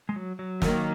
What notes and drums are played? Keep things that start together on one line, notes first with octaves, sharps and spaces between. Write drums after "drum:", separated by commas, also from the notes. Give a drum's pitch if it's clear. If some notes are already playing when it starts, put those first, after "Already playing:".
G#3
F#3
F#3
D#3 A#3, drum: snare